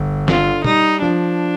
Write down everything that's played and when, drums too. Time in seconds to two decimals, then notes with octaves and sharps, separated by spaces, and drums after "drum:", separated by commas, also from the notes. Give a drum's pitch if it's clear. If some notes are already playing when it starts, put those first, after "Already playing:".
Already playing: G1
0.28 D3 F4, drum: snare
0.64 G3 D#4, drum: tom
1.02 F3 D4